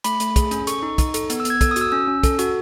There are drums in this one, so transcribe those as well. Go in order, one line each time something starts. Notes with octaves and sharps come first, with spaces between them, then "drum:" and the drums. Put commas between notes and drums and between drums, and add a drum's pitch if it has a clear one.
A3 B5, drum: hi-hat
A3, drum: hi-hat
G#4, drum: kick, hi-hat
C#4, drum: hi-hat
A4 C#6, drum: hi-hat
D#4
D#4, drum: kick, hi-hat
A4, drum: hi-hat
B3, drum: hi-hat
E6
B3, drum: hi-hat
G#6
A4 E6, drum: kick, hi-hat
D#6
F#4, drum: hi-hat
E6
C#4 E6
C#4
A4, drum: kick, hi-hat
F#4, drum: hi-hat